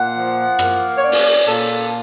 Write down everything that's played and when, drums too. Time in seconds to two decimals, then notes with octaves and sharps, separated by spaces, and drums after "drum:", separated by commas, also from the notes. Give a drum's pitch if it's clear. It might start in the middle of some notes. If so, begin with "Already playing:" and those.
Already playing: A#2 F#5
0.15 F3
0.59 A#3, drum: rim click
0.97 C#5
1.03 C#4 D5
1.12 drum: open hi-hat
1.46 A#2 A4